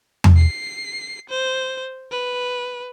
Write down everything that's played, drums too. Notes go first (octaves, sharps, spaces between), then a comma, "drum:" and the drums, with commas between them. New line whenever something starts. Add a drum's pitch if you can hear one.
drum: tom E2
C7
C5
B4